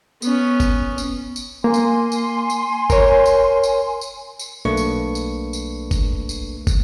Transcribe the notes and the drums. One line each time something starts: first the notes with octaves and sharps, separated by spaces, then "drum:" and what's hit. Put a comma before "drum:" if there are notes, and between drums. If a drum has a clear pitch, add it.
B3 C#4, drum: tambourine
drum: kick, tambourine
drum: tambourine
drum: tambourine
A#3 G#5 C6
drum: tambourine
drum: tambourine
drum: tambourine
A#4 C#5, drum: kick, tambourine
drum: tambourine
drum: tambourine
drum: tambourine
drum: tambourine
B1 A3 A#3 D4 B4 C#6
drum: tambourine
drum: tambourine
drum: tambourine
drum: kick, tambourine
drum: tambourine
drum: kick, tambourine